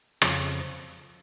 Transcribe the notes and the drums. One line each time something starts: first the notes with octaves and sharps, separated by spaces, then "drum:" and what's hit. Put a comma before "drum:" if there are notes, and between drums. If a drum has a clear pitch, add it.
F2 C#3 F3, drum: rim click